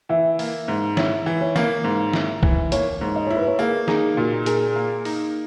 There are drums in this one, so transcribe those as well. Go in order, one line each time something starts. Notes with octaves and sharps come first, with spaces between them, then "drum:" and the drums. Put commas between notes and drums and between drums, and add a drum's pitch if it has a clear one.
E3 E5
A#3, drum: open hi-hat
G#2
E4 C#5, drum: snare
E3
C#5
A#3, drum: snare
G#2
E4, drum: snare
E3, drum: kick C2
A#3 C#5, drum: hi-hat
G#2
D#5
E4 C#5
B4
C#5
A#3 G#4
D#4 G#4, drum: snare
A#2 F#4
G#4 A#4, drum: hi-hat
A#3
D#4, drum: open hi-hat